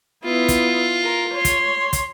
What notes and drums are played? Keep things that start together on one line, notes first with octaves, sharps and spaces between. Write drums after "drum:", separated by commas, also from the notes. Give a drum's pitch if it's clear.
B3 E4 F4
drum: kick, hi-hat
A#4
C#5 C6
drum: kick, hi-hat
drum: kick, hi-hat